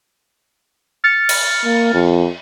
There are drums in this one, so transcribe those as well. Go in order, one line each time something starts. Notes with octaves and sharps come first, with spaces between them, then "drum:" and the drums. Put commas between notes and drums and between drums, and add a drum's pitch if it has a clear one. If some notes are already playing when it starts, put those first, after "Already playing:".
F6 A6 C#7
drum: cymbal
A#3
F2